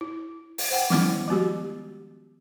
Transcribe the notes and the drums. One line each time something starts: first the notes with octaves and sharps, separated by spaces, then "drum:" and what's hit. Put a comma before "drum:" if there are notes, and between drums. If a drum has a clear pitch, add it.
E4
drum: open hi-hat
C5 F#5 G5
D#3 F3 G3 B3 C#4 E4, drum: snare
F3 G#3 B3 F#4 G4